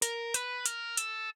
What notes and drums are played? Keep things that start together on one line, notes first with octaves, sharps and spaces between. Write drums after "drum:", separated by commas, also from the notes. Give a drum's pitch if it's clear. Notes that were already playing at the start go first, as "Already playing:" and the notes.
A#4, drum: hi-hat
B4, drum: hi-hat
A#4, drum: hi-hat
A4, drum: hi-hat